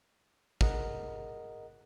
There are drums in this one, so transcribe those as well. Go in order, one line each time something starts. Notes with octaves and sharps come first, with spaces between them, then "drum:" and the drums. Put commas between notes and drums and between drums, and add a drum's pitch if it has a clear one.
G#4 A#4 D#5 F#5, drum: kick